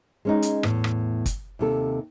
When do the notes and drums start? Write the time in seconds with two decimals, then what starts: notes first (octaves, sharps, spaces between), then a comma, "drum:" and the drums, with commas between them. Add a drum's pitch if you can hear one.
0.25 G#3 C#4 D#4
0.42 drum: hi-hat
0.63 E2 A2, drum: rim click
0.84 drum: rim click
1.26 drum: kick, hi-hat
1.59 D#2 C3 A4